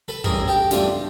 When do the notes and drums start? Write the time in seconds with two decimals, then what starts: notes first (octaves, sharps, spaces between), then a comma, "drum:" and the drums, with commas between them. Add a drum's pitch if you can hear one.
0.08 A4 B4
0.24 A1 G2 E3 G#4 A#4, drum: kick
0.48 G4 A4
0.71 G2 E3 A3 D4 F4 G4, drum: snare